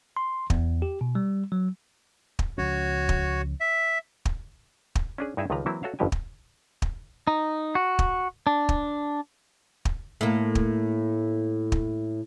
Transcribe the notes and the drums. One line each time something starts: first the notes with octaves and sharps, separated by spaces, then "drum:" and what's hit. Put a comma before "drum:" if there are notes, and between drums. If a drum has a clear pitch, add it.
C6
E2, drum: kick
G4
B2
G3
F#3
drum: kick
C#2 F3 C#4 F#4 C#5
drum: kick
E5
drum: kick
drum: kick
C#4 D4 G#4
G2 D#4 E4 G#4 E5
C#2 D#3 F3 G3 B4 A#5
E3 F#3 A#3 C4 E4
F#4 A4 C#5 E5 F5
G1 F2 B2 G4 G5 G#5
drum: kick
drum: kick
D#4
F#4
drum: kick
D4
drum: kick
drum: kick
A2 A#3
drum: kick
drum: kick